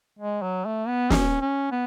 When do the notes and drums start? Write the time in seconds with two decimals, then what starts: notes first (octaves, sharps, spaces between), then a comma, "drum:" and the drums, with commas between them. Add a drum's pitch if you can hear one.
0.19 G#3
0.42 F#3
0.66 A3
0.88 B3
1.10 C#4, drum: snare
1.41 C#4
1.71 B3